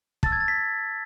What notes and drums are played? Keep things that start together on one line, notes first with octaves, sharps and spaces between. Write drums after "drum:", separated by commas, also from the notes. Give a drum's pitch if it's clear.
A5 E6 A6, drum: kick
G#6
A6
B6